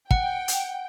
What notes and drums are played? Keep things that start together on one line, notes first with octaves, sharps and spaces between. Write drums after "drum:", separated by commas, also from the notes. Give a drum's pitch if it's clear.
F#5 G5, drum: kick
drum: hi-hat